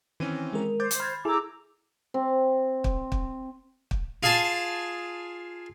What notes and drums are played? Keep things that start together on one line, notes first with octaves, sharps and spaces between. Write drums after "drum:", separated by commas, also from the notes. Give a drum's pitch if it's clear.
D#3 E3 C4 C#4 D#7
G#3 A#4
C5 D6 G6 A6
drum: hi-hat
B5 F6 G#6 A6
E4 G#4 A4 A#5 D6 E6
C4
drum: kick
drum: kick
drum: kick
F4 G#4 G#5 A5